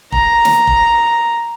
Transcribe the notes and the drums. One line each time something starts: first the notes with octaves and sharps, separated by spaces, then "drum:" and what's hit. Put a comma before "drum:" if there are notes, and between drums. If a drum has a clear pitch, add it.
A#5, drum: kick
drum: snare
drum: kick